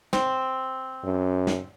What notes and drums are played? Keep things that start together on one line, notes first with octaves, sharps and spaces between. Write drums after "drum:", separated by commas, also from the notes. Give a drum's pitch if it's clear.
C4, drum: snare
F#2
drum: snare